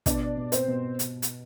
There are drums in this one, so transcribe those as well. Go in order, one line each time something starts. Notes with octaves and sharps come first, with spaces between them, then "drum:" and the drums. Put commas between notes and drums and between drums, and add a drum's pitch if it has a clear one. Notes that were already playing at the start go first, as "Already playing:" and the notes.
B2 D4 D5, drum: kick, hi-hat
B2
C4 C5, drum: hi-hat
B2
drum: hi-hat
drum: hi-hat